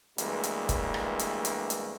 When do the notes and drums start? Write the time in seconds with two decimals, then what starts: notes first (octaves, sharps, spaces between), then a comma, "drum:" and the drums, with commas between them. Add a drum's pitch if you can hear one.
0.18 D2 G2 E3 G#3 A#3, drum: hi-hat
0.43 drum: hi-hat
0.69 drum: kick, hi-hat
0.94 drum: rim click
1.19 drum: hi-hat
1.45 drum: hi-hat
1.70 drum: hi-hat